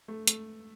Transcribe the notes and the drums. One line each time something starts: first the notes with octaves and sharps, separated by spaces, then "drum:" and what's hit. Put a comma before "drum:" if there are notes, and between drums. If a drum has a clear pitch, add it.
A3
A3, drum: hi-hat